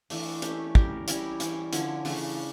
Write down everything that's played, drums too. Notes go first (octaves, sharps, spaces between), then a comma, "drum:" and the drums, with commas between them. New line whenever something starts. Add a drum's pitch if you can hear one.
E3 A3 D4, drum: open hi-hat
A3 C#4 G4, drum: hi-hat
G3 C#4 G4 A#4, drum: kick
G3 C#4 E4 A#4, drum: hi-hat
E3 G3 C#4, drum: hi-hat
D3 F3 C#4 E4, drum: hi-hat
C#3 E3 A3 D4, drum: open hi-hat